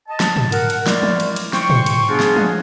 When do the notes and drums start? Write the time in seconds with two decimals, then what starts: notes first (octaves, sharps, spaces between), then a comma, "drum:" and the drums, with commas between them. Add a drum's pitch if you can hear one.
0.08 D#5 A5
0.20 drum: snare
0.37 drum: tom
0.52 A#4 F#5, drum: cymbal
0.70 drum: cymbal
0.87 G#3 A3 E4 A#4 D5, drum: snare
1.03 drum: tom
1.20 drum: cymbal
1.36 drum: cymbal
1.53 C5 G5 C6 C#6, drum: snare
1.70 drum: tom
1.86 drum: cymbal
2.09 G3 B3 D4 F4 F#4 G#4
2.20 drum: snare
2.36 drum: tom